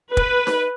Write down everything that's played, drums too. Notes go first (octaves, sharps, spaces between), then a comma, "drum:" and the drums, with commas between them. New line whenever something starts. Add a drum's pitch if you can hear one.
B4, drum: kick
drum: snare D#4